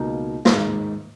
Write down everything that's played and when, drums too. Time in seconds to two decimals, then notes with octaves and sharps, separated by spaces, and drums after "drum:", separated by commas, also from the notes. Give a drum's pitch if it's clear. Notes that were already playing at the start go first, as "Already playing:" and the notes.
Already playing: C#2 B2 A#3 D#4
0.45 G#2 D#3 G#3, drum: snare